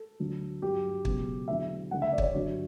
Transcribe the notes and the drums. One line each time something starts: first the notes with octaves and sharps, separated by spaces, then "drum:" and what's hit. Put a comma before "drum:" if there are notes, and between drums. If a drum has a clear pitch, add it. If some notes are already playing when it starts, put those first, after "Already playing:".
Already playing: A4
D2 D3 F#3
G2 F#3 G4
C#2 B2 F#3, drum: kick
E2 D3 F#3 E5
D2 C#3 G3 F#5
E5
D5
C#5, drum: kick
D5
G2 D3 F#3 F#4